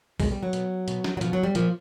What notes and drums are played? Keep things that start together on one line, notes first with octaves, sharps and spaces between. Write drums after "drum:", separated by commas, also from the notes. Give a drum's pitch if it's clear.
B2 G#3, drum: kick B1, open hi-hat
G3
F#3
B2, drum: hi-hat
B2, drum: hi-hat
drum: snare
F#3
B2 F3, drum: hi-hat
F#3
G3
A#2 F3, drum: hi-hat